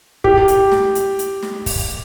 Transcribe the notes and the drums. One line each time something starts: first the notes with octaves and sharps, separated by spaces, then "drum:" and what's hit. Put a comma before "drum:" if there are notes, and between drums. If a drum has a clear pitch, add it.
G4, drum: kick
drum: hi-hat
drum: snare
drum: hi-hat
drum: hi-hat
drum: snare
drum: kick, open hi-hat